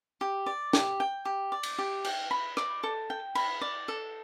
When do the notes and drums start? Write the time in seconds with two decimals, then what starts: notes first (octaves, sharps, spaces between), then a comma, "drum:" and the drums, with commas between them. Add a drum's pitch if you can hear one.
0.21 G4
0.46 D5
0.73 G4, drum: snare
1.00 G5
1.25 G4
1.52 D5
1.63 drum: cymbal
1.78 G4
2.04 G5, drum: cymbal
2.31 B5
2.57 D5, drum: rim click
2.83 A4
3.10 G5
3.35 B5, drum: cymbal
3.61 D5
3.88 A4